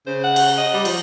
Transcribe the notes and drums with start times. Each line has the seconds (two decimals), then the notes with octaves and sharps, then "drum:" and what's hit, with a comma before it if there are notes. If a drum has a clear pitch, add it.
0.07 C#3 C5
0.24 F#5
0.36 drum: cymbal
0.57 D#5
0.74 G3
0.85 F3, drum: cymbal